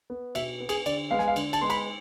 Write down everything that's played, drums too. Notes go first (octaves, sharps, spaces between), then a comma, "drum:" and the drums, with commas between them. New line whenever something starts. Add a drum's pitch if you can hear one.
B3
B2 E5, drum: cymbal
B3
G#4, drum: cymbal
D3 D5, drum: cymbal
G#3 B3 F5
G#5, drum: snare
F5
D3, drum: cymbal
A5, drum: cymbal
G#3 B3 C6
B5, drum: cymbal